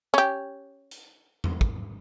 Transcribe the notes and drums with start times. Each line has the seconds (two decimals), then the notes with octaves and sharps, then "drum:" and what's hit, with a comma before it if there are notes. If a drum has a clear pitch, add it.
0.14 C#4 G4
0.91 drum: hi-hat
1.44 drum: tom E2
1.61 drum: kick